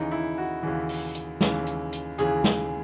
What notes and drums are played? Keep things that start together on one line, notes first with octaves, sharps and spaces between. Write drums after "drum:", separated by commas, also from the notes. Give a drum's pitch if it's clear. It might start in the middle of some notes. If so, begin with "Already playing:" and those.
Already playing: D#2 C#3 E3 D#4
E4
F#4
D#2 C#3 E3
drum: open hi-hat
drum: hi-hat
D#2 C#3 E3, drum: snare
drum: hi-hat
drum: hi-hat
D#2 C#3 E3 G#4, drum: hi-hat
drum: snare